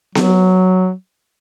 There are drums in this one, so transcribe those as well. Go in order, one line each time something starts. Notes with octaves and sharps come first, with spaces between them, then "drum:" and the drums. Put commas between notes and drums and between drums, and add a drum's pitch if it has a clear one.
F#3, drum: snare B3